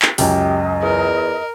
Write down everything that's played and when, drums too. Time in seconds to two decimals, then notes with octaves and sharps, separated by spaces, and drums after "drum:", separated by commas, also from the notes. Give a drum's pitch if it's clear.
0.02 drum: clap
0.18 C#2 F#2 G4 D#5, drum: open hi-hat
0.82 E2 A#4